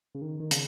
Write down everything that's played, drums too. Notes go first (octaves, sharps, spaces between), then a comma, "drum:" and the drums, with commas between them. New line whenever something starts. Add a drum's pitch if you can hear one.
C#3
D#3
D#3
C#3, drum: hi-hat